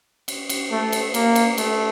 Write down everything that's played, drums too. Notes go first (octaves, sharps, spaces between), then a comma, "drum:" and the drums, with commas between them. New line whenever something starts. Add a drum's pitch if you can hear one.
drum: cymbal
drum: cymbal
A3
drum: cymbal
A#3, drum: cymbal
drum: cymbal
A3, drum: cymbal